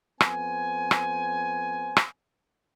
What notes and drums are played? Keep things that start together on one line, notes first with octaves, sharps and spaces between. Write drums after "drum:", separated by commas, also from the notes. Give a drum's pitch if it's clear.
F2 B3 C5 G#5, drum: rim click
drum: rim click
drum: rim click